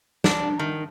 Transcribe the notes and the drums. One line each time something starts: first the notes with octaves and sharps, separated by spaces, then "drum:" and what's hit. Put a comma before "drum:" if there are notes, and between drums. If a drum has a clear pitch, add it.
D4, drum: snare
D#3